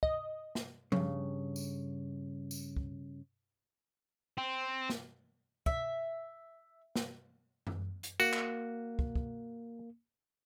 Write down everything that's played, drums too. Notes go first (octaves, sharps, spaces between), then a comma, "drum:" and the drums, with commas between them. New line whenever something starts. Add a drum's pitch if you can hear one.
D#5, drum: kick
drum: snare
G2 C#3, drum: tom F3
drum: tambourine
drum: tambourine
drum: kick
C4
drum: snare
E5, drum: kick
drum: snare
drum: tom F#2
drum: hi-hat
A#3 F#4, drum: tambourine
drum: clap
drum: kick
drum: kick